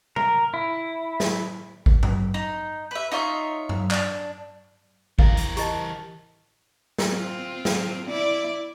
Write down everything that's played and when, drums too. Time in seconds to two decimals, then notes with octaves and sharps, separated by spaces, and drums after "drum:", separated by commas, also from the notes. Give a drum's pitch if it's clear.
0.16 A#4, drum: tom C3
0.54 E4
1.20 drum: snare
1.86 drum: kick G#1
2.03 drum: tom G2
2.34 D#4
2.91 B4 E5
3.11 D#4 F4 C#5 E5
3.69 drum: tom G2
3.91 D4, drum: clap
5.19 E2 D#3 E3 A#4 F5, drum: kick G#1
5.37 drum: hi-hat
5.57 G4 D#5 A5 A#5, drum: hi-hat
6.98 drum: snare
7.11 C4 F4
7.65 drum: snare
8.07 E4 D5